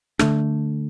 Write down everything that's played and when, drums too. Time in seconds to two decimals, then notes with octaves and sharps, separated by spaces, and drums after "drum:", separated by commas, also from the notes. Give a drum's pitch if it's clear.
0.19 D3 A3 D4, drum: rim click